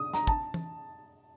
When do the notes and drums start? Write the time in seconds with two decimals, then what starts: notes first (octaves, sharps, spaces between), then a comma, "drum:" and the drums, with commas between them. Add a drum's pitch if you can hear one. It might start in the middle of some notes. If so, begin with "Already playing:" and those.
Already playing: D#6
0.13 A#5, drum: snare
0.27 A5, drum: kick
0.54 drum: tom E3